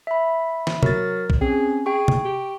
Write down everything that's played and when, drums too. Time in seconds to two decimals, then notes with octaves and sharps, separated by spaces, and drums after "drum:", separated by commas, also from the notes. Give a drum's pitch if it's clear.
0.07 E5 B5
0.67 drum: snare
0.83 F#3 A#4 A6, drum: tom C3
1.30 drum: kick A#1
1.41 C4 C#4 G#4
1.86 G#4 G5 C#6
2.08 drum: tom C3
2.25 G4